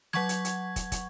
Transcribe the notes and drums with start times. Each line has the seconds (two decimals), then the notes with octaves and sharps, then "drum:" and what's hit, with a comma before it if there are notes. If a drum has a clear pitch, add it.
0.13 F#3 F#5 C#6 G#6, drum: snare
0.29 drum: hi-hat
0.45 drum: hi-hat
0.76 drum: kick, hi-hat
0.92 drum: kick, hi-hat